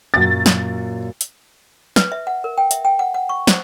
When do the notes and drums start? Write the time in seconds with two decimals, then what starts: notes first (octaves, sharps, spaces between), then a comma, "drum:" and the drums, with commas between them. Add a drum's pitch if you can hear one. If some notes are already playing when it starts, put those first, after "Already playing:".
0.14 F#2 A#2 F#3 A6
0.46 drum: snare
1.21 drum: hi-hat
1.96 B4, drum: snare
2.12 E5
2.27 F#5
2.44 A#4
2.58 G5
2.71 E5, drum: hi-hat
2.85 G5
2.99 F#5
3.14 F#5
3.29 C#6
3.47 C5, drum: snare